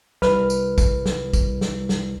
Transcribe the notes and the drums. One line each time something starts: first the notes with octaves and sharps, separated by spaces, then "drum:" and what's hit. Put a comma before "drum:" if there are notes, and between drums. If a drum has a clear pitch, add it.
C2 B4 F6, drum: snare
drum: tambourine
drum: kick, tambourine
drum: snare
drum: kick, tambourine
drum: snare
drum: snare